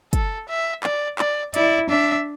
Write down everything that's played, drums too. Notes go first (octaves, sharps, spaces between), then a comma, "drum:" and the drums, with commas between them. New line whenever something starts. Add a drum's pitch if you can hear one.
A4, drum: kick, hi-hat
E5
D5, drum: clap
D5, drum: clap
E4 D5, drum: hi-hat
D4 E5